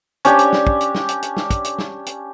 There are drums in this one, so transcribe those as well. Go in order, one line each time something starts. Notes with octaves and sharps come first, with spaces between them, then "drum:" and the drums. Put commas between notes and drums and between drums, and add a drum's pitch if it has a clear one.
C#4 D4 G4, drum: hi-hat
drum: hi-hat
drum: snare
drum: kick
drum: hi-hat
drum: snare
drum: hi-hat
drum: hi-hat
drum: snare
drum: kick, hi-hat
drum: hi-hat
drum: snare
drum: hi-hat